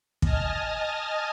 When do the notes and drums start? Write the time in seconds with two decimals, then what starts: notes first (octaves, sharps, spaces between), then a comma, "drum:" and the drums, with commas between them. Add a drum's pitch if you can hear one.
0.22 D#5 G#5 A5 D#6 F6, drum: kick